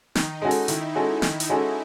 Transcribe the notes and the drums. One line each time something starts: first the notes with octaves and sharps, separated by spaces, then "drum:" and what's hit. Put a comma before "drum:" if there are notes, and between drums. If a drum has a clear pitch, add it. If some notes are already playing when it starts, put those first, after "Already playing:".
D#3 D#4, drum: snare
G#3 C#4 F#4 A4
drum: open hi-hat
D#3 E4, drum: hi-hat
G#3 C#4 F#4 A4
D#3, drum: snare
drum: hi-hat
G#3 C#4 F#4 A4